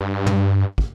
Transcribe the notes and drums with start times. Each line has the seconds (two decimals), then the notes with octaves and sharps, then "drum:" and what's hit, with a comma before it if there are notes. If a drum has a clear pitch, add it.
0.01 G2
0.26 drum: tom
0.78 drum: kick